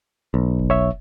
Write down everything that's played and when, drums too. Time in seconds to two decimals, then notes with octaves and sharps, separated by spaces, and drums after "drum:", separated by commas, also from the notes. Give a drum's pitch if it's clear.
0.34 B1
0.59 drum: kick F1
0.70 C#5 E5